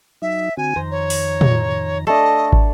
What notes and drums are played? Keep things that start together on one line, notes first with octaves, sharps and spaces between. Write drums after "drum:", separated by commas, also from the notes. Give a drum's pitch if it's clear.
F#3 D#4 E5
D3 C4 F#4 G#5
F2 D#3 C5 A#5
C#5
drum: open hi-hat
drum: tom
A3 D4 A4 D#5
drum: kick